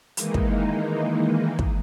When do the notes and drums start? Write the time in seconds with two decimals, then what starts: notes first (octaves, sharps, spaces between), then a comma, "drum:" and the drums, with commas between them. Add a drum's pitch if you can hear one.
0.17 D#3 E3 G#3 A#3 D#4, drum: hi-hat
0.34 drum: kick
1.59 drum: kick